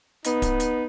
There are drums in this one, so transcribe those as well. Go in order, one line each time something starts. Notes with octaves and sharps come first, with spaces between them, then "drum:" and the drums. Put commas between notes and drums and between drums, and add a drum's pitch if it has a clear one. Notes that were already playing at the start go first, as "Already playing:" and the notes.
B3 D#4, drum: hi-hat
drum: kick D1, hi-hat
drum: hi-hat